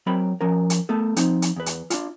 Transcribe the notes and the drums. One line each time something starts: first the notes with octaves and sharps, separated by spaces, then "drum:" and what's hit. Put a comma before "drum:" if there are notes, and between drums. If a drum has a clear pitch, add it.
F#3 C4 A#4 G5 B5
F3 C#4 A#4
drum: hi-hat
A3 B3 A4
F3 C4 D#4, drum: hi-hat
drum: hi-hat
E2 B4
drum: hi-hat
D4 F4, drum: hi-hat